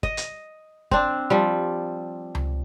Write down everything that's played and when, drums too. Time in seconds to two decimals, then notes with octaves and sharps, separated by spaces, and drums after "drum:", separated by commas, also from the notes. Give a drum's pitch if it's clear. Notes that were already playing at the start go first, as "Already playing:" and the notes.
0.03 D#5, drum: kick G1
0.17 drum: hi-hat
0.91 C4 D4, drum: kick G1
1.30 F3 G3
2.35 drum: tom C#2